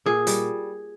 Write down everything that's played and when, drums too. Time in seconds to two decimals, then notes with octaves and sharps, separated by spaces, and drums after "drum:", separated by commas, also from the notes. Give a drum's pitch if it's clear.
0.06 A#2 G#4
0.27 G3, drum: hi-hat